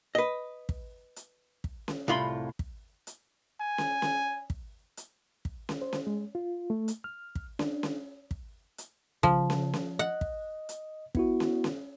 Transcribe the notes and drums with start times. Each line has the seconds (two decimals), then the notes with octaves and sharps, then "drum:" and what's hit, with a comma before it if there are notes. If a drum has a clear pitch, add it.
0.15 B4 D#5
0.69 drum: kick
1.16 drum: hi-hat
1.64 drum: kick
1.88 drum: snare C#4
2.08 C2 A2 F4 B5 C6
2.59 drum: kick
3.07 drum: hi-hat
3.60 G#5
3.78 drum: snare C#4
4.02 drum: snare C#4
4.50 drum: kick
4.97 drum: hi-hat
5.45 drum: kick
5.69 drum: snare C#4
5.82 C5
5.93 drum: snare C#4
6.07 G#3
6.35 F4
6.70 A3
6.88 drum: hi-hat
7.04 F6
7.35 drum: kick
7.59 D4, drum: snare C#4
7.83 drum: snare C#4
8.31 drum: kick
8.78 drum: hi-hat
9.23 C#3 F3, drum: kick
9.50 drum: snare C#4
9.74 drum: snare C#4
9.99 D#5 F#5
10.21 drum: kick
10.69 drum: hi-hat
11.15 B3 E4 F#4, drum: kick
11.40 drum: snare C#4
11.64 drum: snare C#4